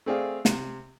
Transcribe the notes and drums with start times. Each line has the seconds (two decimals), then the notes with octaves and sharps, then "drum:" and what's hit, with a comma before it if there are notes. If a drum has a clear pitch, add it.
0.06 A3 C4 G#4 D5 F5
0.45 C3, drum: snare